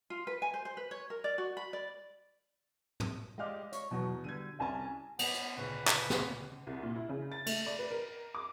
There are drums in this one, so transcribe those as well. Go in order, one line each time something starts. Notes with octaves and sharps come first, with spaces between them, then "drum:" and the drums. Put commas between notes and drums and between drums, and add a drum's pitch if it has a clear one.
F4
B4
G#5
C5
C5
B4
C#5
A#4
D5
F#4
B5
D5
drum: tom
G#3 G4 D5 D#5 F5 F6
C#5, drum: hi-hat
E2 B2 F#3 B3 F#4
D3 G3 G#6 D#7
C2 C#4 G#5 A5
B3 C#4 B4, drum: cymbal
drum: hi-hat
D2 A#2 C#3 B4
drum: clap
drum: snare
C2
A#2
E4
C#3
A6
A3, drum: cymbal
D5
B4
A#4
D6